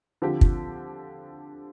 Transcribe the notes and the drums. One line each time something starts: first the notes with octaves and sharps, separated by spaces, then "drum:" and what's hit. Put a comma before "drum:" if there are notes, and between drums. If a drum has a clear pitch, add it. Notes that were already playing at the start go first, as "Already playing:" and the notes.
D3 F3 C4 G4
drum: kick